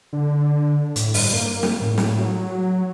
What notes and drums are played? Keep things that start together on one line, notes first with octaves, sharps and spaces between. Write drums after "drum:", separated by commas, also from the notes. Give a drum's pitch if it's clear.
D3
A2, drum: hi-hat
G2, drum: open hi-hat
A#3
drum: snare
A2
drum: snare
F#3